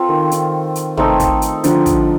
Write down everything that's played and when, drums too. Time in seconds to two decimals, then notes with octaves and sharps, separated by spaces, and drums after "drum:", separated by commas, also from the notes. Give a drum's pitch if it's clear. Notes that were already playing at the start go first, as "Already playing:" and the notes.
Already playing: C4 F4 A4
0.09 D#3
0.31 D#3, drum: hi-hat
0.75 drum: hi-hat
0.97 A3 C4 D#4 A4, drum: tom
1.20 drum: kick, hi-hat
1.42 drum: hi-hat
1.64 D3 F3, drum: hi-hat
1.86 drum: kick, hi-hat